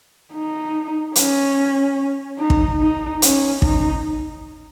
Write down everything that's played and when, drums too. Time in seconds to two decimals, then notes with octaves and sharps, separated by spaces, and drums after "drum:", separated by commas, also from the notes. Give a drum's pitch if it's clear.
0.34 D#4
1.16 C#4, drum: hi-hat
2.39 D#4
2.50 drum: kick
2.81 D#4
3.22 C#4, drum: hi-hat
3.62 D#4, drum: kick